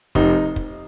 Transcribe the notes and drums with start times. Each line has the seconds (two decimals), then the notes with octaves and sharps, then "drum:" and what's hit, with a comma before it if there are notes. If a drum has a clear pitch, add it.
0.15 F1 D#4, drum: kick
0.56 drum: kick